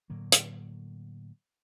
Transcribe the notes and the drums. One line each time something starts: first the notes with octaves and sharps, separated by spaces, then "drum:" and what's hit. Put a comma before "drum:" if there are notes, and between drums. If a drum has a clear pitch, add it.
A2 D3 F#3 A#3
drum: hi-hat